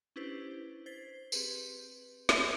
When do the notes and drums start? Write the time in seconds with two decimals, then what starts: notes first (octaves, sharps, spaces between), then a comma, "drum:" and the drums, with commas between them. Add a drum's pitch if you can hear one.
0.16 C#4 D4 E4 G4 B4 C5
0.86 C5 G#6 A6 B6 C7
1.32 C4 G4 G#4 B4, drum: tambourine
2.29 drum: snare